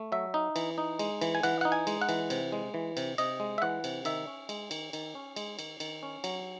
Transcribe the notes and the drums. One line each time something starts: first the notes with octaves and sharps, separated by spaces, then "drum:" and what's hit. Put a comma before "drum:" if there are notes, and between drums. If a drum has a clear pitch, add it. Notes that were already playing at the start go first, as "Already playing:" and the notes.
Already playing: A3
F#3 E5
D#4
E3, drum: cymbal
D#4
G#3, drum: cymbal
E3, drum: cymbal
G#5
E3 F#5, drum: cymbal
D#4 F#5
G#5
G#3, drum: cymbal
F#5
E3, drum: cymbal
C3, drum: cymbal
G#3
E3
C3, drum: cymbal
C3 D#5, drum: cymbal
G#3
E5
E3 F#5
C3, drum: cymbal
D#3 E5, drum: cymbal
C#4
G#3, drum: cymbal
D#3, drum: cymbal
D#3, drum: cymbal
C#4
G#3, drum: cymbal
D#3, drum: cymbal
D#3, drum: cymbal
C#4
F#3, drum: cymbal